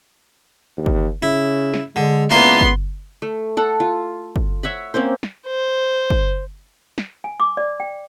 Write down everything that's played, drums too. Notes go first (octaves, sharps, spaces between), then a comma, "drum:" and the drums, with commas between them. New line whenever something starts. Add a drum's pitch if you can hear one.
D#2
drum: kick
C#3 E4
drum: snare
D3 G#3
C#2 A#3 B3 D4 E4 C6
drum: kick
A3
A4 F#5
F4
drum: kick
C#5 E5 F#5 B5
A#3 C4 C#4 C5
drum: snare
C5
drum: kick
drum: snare
G#5
D6
D5
G5